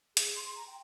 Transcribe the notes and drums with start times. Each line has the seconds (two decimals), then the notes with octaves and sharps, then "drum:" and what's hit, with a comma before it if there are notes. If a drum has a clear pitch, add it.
0.17 G#4, drum: hi-hat
0.37 C6
0.55 A#5
0.68 G5